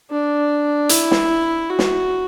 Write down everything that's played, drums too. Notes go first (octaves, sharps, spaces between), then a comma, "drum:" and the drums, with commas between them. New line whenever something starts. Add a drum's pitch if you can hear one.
D4
E4, drum: hi-hat
drum: snare
F#4
drum: snare